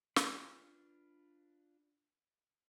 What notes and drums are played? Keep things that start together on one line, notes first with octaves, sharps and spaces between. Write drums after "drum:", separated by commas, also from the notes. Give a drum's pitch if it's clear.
D4 F4 B4, drum: snare